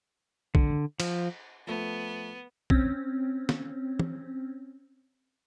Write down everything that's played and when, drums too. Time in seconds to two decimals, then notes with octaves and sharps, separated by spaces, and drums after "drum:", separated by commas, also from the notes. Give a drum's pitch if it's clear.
0.55 D3, drum: kick
1.00 F3, drum: cymbal
1.67 F3 A3 B3
2.70 C4 C#4, drum: kick
3.49 drum: snare
3.99 drum: tom